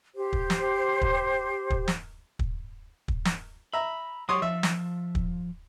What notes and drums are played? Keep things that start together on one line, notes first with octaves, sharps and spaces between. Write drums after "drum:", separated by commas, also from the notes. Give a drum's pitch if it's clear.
G4 C5
drum: kick
drum: snare
drum: kick
drum: kick
drum: snare
drum: kick
drum: kick
drum: snare
E5 A#5 B5
F#3 G4 C#5 C6 D#6
F3 E5
drum: snare
drum: kick